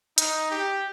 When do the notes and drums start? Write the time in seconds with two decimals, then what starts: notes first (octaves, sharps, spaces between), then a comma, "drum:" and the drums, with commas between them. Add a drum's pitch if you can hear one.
0.18 D#4, drum: hi-hat
0.51 G4